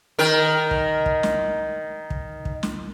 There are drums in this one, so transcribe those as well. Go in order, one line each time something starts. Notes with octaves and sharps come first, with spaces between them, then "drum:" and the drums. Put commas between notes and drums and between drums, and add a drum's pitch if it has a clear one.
D#3 A#4
drum: kick
drum: kick
drum: snare
drum: kick
drum: kick
drum: snare